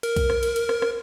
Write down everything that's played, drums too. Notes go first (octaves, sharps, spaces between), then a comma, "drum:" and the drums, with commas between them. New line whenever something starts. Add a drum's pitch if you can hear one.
A#4, drum: cymbal
drum: kick B1, cymbal
drum: rim click
drum: cymbal
drum: cymbal
drum: rim click
drum: rim click